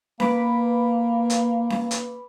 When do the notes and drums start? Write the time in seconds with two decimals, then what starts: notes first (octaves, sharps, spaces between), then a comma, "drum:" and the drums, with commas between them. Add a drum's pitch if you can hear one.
0.20 A#3 B4 B5 D6, drum: snare C#4
1.30 drum: hi-hat
1.70 drum: snare C#4
1.91 drum: hi-hat